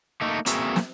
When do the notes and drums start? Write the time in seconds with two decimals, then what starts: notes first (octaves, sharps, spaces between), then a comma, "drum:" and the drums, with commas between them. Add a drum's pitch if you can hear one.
0.21 A3 A#3 D#4 A#4
0.46 A#3 C4 F#4 G#4 B4 E5, drum: hi-hat
0.76 drum: snare